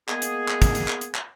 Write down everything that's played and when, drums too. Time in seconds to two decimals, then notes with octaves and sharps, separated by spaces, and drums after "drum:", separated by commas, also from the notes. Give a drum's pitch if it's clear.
0.09 G#3 A#3 B3 G#4, drum: clap
0.22 drum: hi-hat
0.48 drum: clap
0.62 drum: kick, hi-hat
0.75 drum: hi-hat
0.88 drum: clap
1.01 drum: hi-hat
1.15 drum: clap